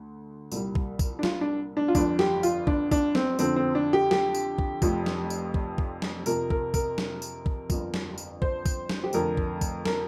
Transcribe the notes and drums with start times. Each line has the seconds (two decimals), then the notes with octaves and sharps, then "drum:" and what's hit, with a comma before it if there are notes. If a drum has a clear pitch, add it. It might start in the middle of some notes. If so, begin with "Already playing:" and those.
Already playing: D2 D3
0.52 C2 A#2 G3, drum: tambourine
0.75 drum: kick
0.99 drum: kick, tambourine
1.19 D4
1.23 F4, drum: snare
1.41 D4
1.77 D4
1.88 F4
1.95 G1 F2 F3 D4, drum: kick, tambourine
2.19 G4, drum: snare
2.43 F4, drum: tambourine
2.67 D4, drum: kick
2.91 D4, drum: kick, tambourine
3.15 C4, drum: snare
3.39 F2 D3 F3 C4, drum: tambourine
3.56 C4
3.75 D4
3.93 G4
4.11 G4, drum: snare
4.35 drum: tambourine
4.58 drum: kick
4.82 F1 F2 F3, drum: kick, tambourine
5.06 drum: snare
5.30 drum: tambourine
5.54 drum: kick
5.78 drum: kick
6.02 drum: snare
6.26 F2 C3 F3 A#4, drum: tambourine
6.50 A#4, drum: kick
6.74 A#4, drum: kick, tambourine
6.98 drum: snare
7.22 drum: tambourine
7.46 drum: kick
7.70 G1 F2 F3, drum: kick, tambourine
7.94 drum: snare
8.18 drum: tambourine
8.42 C5, drum: kick
8.66 drum: kick, tambourine
8.89 drum: snare
9.03 G4
9.13 F1 F2 D3 A#4, drum: tambourine
9.37 drum: kick
9.61 drum: kick, tambourine
9.86 A#4, drum: snare